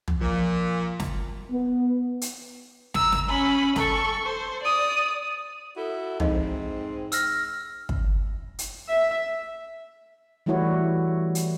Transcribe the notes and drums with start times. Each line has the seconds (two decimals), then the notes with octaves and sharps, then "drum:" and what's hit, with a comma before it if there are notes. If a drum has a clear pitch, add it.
0.08 drum: tom
0.21 A#2 F3
1.00 drum: snare
1.51 B3
2.21 drum: hi-hat
2.94 A#5 E6, drum: snare
3.12 drum: snare
3.29 C#4 B5
3.76 A4 C#6, drum: snare
4.26 C5
4.63 D5 D#6
5.76 E4 F#4 A4
6.20 G#2 C4 D#4 D#5 F5, drum: tom
7.12 E6 F6 A#6, drum: hi-hat
7.89 drum: kick
8.59 drum: hi-hat
8.89 E5
10.46 E3 G3 A3 E4 F#4 C#5
11.35 drum: hi-hat